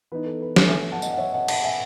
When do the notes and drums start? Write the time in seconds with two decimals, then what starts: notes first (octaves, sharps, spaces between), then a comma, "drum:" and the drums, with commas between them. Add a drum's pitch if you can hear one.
0.12 E3 B3 D#4 B4
0.26 A4
0.42 B4
0.56 A4 C#5, drum: snare
0.68 E5 G#5
0.92 F#5 A5
1.02 D#5 F#5, drum: tambourine
1.13 F#5
1.17 C#5 E5
1.33 D#5 F#5
1.48 F#5 A5, drum: cymbal
1.64 E5 G#5